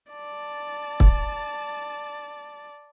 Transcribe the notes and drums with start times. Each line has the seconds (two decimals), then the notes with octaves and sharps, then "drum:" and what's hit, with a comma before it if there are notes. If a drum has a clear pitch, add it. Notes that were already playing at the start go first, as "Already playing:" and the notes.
0.12 D5 A5
1.00 drum: kick